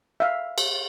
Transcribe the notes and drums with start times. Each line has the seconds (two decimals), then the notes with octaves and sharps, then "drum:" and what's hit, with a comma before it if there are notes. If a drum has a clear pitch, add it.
0.20 E5 F5
0.58 drum: cymbal